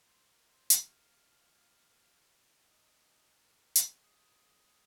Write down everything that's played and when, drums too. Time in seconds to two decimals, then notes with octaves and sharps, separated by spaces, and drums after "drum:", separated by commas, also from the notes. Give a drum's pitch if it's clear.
0.05 C5
0.27 A#4
0.48 C5
0.70 F5, drum: hi-hat
2.67 D#5
2.98 D#5
3.31 A#4
3.76 drum: hi-hat
3.96 G#4